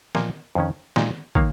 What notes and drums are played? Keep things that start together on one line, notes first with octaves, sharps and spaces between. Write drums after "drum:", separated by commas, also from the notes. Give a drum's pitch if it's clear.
A#2 F3 A#3 A#4 D#5, drum: snare
F2 D#3 C#4
A#2 G#3 D#4, drum: snare
D#3 A#3 C#5 F5, drum: kick